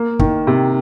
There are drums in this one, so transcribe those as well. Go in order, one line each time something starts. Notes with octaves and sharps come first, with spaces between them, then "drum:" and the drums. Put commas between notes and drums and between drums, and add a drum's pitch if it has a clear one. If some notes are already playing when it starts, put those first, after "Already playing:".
Already playing: A#3
D#3, drum: kick
C3